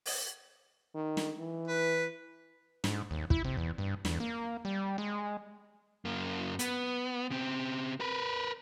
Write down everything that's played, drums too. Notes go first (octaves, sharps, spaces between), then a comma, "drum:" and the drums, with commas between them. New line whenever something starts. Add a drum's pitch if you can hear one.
drum: open hi-hat
D#3
drum: snare
E3
B4
G#2, drum: snare
D#2
E4, drum: kick
C3
E2
G2
E2, drum: snare
A#3
G3
G#3
F#2 A#3
B3, drum: hi-hat
C#3 C4
A#4 B4